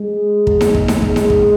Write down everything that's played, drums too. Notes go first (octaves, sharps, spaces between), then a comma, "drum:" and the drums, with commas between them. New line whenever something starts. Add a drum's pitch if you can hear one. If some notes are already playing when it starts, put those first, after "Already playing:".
Already playing: G#3
drum: kick
drum: snare D#4
drum: kick
drum: snare D#4
G#3, drum: kick
drum: snare D#4
drum: kick